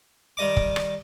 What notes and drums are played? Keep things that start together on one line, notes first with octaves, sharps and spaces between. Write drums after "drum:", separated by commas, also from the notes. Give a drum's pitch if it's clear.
D#3 G3 D#5 D6
drum: kick
drum: rim click